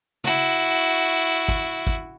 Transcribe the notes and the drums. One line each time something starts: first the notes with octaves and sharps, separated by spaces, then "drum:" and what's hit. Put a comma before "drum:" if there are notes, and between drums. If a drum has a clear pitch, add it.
E4 F#4, drum: tom
drum: kick
drum: kick